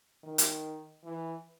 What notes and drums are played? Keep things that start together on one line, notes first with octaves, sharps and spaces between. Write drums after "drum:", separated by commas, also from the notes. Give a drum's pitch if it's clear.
D#3
drum: hi-hat
E3